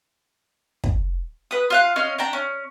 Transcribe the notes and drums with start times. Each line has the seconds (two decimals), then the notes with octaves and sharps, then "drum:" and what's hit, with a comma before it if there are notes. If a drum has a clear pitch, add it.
0.84 drum: kick
1.51 B4 D#6
1.70 F4 F5 F#6
1.96 C#4 D#5 F5 F6
2.18 D4 G5 A#5
2.33 C#4